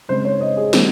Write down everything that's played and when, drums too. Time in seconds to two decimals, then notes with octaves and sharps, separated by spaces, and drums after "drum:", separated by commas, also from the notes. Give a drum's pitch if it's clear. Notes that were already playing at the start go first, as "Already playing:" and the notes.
0.08 C#3 G#3 C4 D#4 C5
0.25 C#5
0.41 D#5
0.57 G#4
0.73 D#3 G3 C4 C5, drum: snare